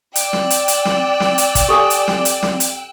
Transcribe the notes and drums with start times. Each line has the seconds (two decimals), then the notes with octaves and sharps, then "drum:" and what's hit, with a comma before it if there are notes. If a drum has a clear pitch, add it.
0.16 D5 G5 E6 F#6, drum: hi-hat
0.33 drum: snare
0.50 drum: hi-hat
0.68 drum: hi-hat
0.85 drum: snare
1.20 drum: snare
1.38 drum: hi-hat
1.55 drum: kick, hi-hat
1.69 G4 A4 G#5
1.90 drum: hi-hat
2.08 drum: snare
2.25 drum: hi-hat
2.43 drum: snare
2.60 drum: hi-hat